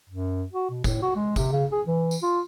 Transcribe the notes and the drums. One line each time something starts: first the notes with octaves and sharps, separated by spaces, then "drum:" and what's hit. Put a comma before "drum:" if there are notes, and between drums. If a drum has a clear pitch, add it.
F#2
F#4
B2
A2, drum: kick, tambourine
F#4
G#3
C3, drum: kick, tambourine
C#3
G#4
E3
drum: tambourine
F4